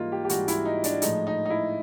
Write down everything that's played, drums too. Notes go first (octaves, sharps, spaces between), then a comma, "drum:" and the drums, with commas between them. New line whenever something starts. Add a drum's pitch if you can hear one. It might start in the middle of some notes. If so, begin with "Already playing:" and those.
Already playing: G#2 E3 G3 A#3 D#4 F4
G4
G4
G#2 E3 G3 F#4, drum: hi-hat
E4, drum: hi-hat
D#4
D4, drum: hi-hat
A2 F3 G#3 D#4, drum: hi-hat
D#4
D#4
E4